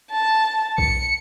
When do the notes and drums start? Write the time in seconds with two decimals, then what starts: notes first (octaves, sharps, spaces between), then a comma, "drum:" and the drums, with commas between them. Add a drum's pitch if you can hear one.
0.11 A5
0.78 C#7, drum: kick B1